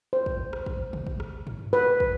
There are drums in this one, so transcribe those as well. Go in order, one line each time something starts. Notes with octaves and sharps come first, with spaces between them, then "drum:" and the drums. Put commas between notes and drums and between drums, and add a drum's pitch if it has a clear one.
C5
drum: kick
drum: rim click
drum: kick
drum: tom
drum: kick
drum: rim click
drum: tom
B4
drum: kick